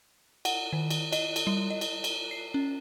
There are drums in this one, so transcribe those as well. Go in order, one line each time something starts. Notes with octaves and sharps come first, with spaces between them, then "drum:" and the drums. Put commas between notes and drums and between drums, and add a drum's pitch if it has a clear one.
F#5, drum: cymbal
D#3
drum: cymbal
D#5, drum: cymbal
drum: cymbal
G3
D#5
drum: cymbal
drum: cymbal
C7
C#4